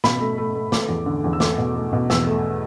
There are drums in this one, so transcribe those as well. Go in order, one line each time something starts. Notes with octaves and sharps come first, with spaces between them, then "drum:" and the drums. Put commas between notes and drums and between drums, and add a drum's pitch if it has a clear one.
B2 B5, drum: snare
A3
A3
A3
A3 D6, drum: snare
E2
D3
E2
E6
A3 D6, drum: snare
B2
A3
B2
E2 E6, drum: snare
A3